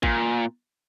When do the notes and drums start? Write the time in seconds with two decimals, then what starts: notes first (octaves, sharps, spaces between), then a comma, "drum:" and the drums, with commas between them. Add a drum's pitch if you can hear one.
0.03 A#2, drum: kick G#1